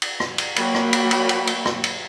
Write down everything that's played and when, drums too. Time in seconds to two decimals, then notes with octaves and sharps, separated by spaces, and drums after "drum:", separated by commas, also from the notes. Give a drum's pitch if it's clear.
0.02 drum: cymbal
0.20 drum: rim click
0.38 drum: cymbal
0.56 F#3 A#3 F#4 G5 B5, drum: cymbal
0.75 drum: rim click
0.93 drum: cymbal
1.11 drum: cymbal
1.29 drum: cymbal
1.47 drum: cymbal
1.65 drum: rim click
1.84 drum: cymbal